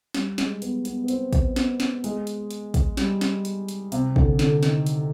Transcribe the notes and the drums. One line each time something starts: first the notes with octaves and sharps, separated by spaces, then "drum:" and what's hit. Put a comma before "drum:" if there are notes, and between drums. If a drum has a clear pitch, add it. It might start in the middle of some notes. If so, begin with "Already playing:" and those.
G3, drum: snare
G#3, drum: snare
B3, drum: hi-hat
B3, drum: hi-hat
B3
C4, drum: hi-hat
drum: kick, hi-hat
B3, drum: snare
drum: snare
G#3, drum: hi-hat
drum: hi-hat
drum: hi-hat
drum: kick, hi-hat
G3, drum: snare
drum: snare
drum: hi-hat
drum: hi-hat
C3, drum: hi-hat
D3, drum: kick
D3, drum: snare
D#3, drum: snare
drum: hi-hat